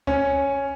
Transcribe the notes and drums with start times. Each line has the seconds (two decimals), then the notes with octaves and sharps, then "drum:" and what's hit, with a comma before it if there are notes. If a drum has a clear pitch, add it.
0.07 C#4, drum: kick C#2